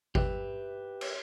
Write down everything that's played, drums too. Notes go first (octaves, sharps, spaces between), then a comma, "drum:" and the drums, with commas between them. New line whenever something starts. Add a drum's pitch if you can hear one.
G4 B4 E5, drum: kick G#1
drum: cymbal